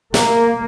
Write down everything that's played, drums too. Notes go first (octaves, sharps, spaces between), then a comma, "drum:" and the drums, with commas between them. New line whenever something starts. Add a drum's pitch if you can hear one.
A#3, drum: snare